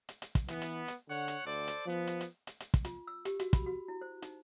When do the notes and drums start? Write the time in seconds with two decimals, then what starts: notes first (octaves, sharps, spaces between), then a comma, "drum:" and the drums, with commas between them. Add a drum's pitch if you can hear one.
0.09 drum: hi-hat
0.22 drum: hi-hat
0.35 drum: kick, hi-hat
0.48 E3 B3, drum: hi-hat
0.62 drum: hi-hat
0.88 drum: hi-hat
1.08 D3 C#5 F#5
1.28 drum: hi-hat
1.45 D2 A4 C5 D5
1.68 drum: hi-hat
1.86 F3 B3
2.07 drum: hi-hat
2.21 drum: hi-hat
2.47 drum: hi-hat
2.60 drum: hi-hat
2.74 drum: kick, hi-hat
2.85 F4, drum: hi-hat
3.07 E6
3.25 G4, drum: hi-hat
3.40 F#4, drum: hi-hat
3.53 B5, drum: kick, hi-hat
3.66 F#4
3.88 E4
4.01 C5
4.22 D#4, drum: hi-hat